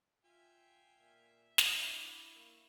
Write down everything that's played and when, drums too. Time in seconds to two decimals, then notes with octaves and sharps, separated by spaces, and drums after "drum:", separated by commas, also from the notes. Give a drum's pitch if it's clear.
0.25 F4 E5 F5 G5 G#5
1.00 A#2 E5
1.58 D4 E4 F#4 D5 E6, drum: snare
2.35 A#3 F5 C#6